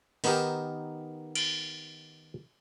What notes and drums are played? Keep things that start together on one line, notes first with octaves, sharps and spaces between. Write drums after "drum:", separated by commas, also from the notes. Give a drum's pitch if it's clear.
D#3 B3 D#4 G4 A#4, drum: open hi-hat
drum: cymbal